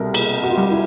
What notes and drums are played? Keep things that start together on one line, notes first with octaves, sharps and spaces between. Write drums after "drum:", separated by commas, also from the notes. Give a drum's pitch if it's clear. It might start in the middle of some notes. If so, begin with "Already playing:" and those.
Already playing: C2 B2 A4 A#4
A#3 G#4, drum: cymbal
F#4
F4
G3 F#4
E4